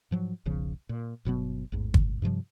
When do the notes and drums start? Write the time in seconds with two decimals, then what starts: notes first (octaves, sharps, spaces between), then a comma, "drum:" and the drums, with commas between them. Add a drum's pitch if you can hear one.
0.11 G#2 F3 F#3
0.46 E1 B1 C#3 F3
0.89 A#2
1.25 G1 B2 F#3 B3
1.72 A1 E2 G#2
1.94 drum: kick
2.22 G2 C3 F3 G3